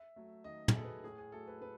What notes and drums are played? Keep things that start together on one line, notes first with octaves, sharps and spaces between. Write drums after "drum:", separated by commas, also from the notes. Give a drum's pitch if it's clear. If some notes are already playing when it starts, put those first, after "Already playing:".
Already playing: E5
F#3 A3
D#3 D#5
G#4, drum: tom
F#3 A3 A4
B4
A2 G#4
G#4
F#3 A3 A4
B4
A2 B4